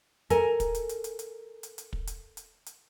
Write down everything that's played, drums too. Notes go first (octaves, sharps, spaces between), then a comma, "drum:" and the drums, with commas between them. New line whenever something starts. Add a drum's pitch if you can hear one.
A4 A#4 G#5, drum: hi-hat
drum: kick, hi-hat
drum: hi-hat
drum: hi-hat
drum: hi-hat
drum: hi-hat
drum: hi-hat
drum: hi-hat
drum: kick
drum: hi-hat
drum: hi-hat
drum: hi-hat